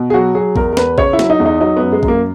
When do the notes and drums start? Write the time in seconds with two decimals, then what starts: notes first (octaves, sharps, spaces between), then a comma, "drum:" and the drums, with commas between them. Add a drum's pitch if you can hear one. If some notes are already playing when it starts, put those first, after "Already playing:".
Already playing: B2
0.10 G#4
0.14 F#3 F#4
0.35 F#3 G#4
0.56 E2 A#4, drum: kick A#1
0.73 A#4
0.77 E2 B4, drum: snare
0.98 C#3 C#5, drum: kick A#1
1.13 E4
1.19 F#3, drum: snare
1.30 D#4
1.40 E2
1.46 D#4
1.61 F#3 D#4
1.77 B3
1.82 F#2
1.92 G#3
2.03 F#2, drum: kick A#1
2.08 A#3